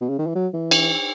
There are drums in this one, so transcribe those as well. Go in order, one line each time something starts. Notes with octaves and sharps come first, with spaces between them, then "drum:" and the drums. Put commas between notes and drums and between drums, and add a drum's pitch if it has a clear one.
B2
C#3
D#3
E3
F#3
E3
drum: cymbal